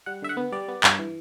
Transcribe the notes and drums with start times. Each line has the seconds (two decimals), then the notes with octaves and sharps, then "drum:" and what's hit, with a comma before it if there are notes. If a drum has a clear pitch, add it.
0.06 G3 F#5
0.22 D3 E5
0.29 F#5
0.37 B3
0.52 G3 D5
0.68 B3
0.84 G2, drum: clap
0.99 E3